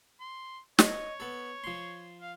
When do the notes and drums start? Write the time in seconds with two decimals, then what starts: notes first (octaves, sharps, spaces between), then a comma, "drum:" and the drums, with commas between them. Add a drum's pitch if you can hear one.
0.20 C6
0.79 C#5 D#5 D#6, drum: snare
1.20 B3 A4
1.64 F3 C6
2.22 F5